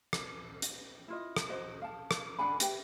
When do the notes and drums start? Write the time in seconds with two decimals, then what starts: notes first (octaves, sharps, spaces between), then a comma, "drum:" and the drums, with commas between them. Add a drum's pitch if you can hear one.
0.13 drum: rim click
0.62 drum: hi-hat
1.08 E4 F4 D#5
1.36 drum: rim click
1.49 F#4 C5 D#5
1.82 F5 A5
2.11 drum: rim click
2.39 D4 F#5 G#5 B5
2.60 G4 B4 E5 G5, drum: hi-hat